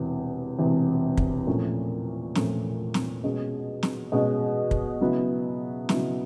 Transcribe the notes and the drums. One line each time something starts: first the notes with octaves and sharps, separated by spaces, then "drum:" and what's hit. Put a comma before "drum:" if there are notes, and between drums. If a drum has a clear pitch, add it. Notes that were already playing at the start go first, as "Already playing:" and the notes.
Already playing: E1 E2 C3
E1 E2 C3
drum: kick
A#2 F3 A3 C#4
A#2 F3 A3 C#4, drum: snare
drum: snare
B2 G#3 C#4
drum: snare
B2 G#3 C#4
drum: kick
C#3 F#3 B3 E4
C#3 F#3 B3 E4, drum: snare